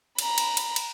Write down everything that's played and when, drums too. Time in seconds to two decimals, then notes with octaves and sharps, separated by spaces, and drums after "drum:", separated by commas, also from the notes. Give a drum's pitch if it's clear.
0.19 A#5 B5, drum: cymbal
0.38 drum: cymbal
0.57 drum: cymbal
0.76 drum: cymbal